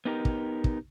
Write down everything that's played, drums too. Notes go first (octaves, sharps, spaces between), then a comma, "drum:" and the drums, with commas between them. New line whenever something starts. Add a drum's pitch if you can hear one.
B3 D#4 G4 A#4
drum: kick
drum: kick